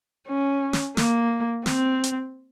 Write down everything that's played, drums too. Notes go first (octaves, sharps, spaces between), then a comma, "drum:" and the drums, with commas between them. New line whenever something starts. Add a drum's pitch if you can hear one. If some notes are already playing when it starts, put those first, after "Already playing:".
C#4
drum: snare
A#3, drum: snare
C4, drum: snare
drum: hi-hat